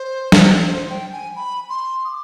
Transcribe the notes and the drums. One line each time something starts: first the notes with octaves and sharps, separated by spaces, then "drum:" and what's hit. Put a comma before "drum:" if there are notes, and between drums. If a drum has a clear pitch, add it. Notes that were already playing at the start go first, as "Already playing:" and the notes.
Already playing: C5
drum: snare
C5
G5
G#5
B5
C6
D#6
D6